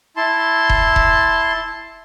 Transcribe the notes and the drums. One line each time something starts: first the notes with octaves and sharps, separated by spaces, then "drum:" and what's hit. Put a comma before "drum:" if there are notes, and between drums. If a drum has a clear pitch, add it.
E4 A5 C6
drum: kick E1
drum: kick E1